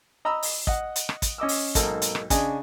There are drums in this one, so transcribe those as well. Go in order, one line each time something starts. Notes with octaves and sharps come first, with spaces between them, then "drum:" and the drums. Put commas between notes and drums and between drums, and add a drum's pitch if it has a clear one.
D#5 A#5 B5 E6
drum: open hi-hat
D#5 F#5, drum: kick
drum: hi-hat
drum: rim click
drum: kick, hi-hat
C#4 D#5 D6 E6
drum: open hi-hat
B1 G#2 A#3 A4 D#5, drum: kick, hi-hat
drum: hi-hat
drum: rim click
C#3 D4 G#4 D#5 G#5, drum: kick, hi-hat